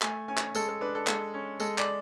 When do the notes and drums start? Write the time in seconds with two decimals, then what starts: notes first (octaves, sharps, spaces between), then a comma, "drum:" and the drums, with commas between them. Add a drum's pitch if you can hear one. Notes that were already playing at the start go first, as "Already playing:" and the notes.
0.02 A3 G#5, drum: clap
0.28 C#4 G#5
0.37 drum: clap
0.55 G#3 A4, drum: tambourine
0.69 A4
0.81 D4 B4
0.95 A4
1.07 G#3 A4, drum: clap
1.34 C#4
1.60 G#3 A4, drum: tambourine
1.78 D5, drum: clap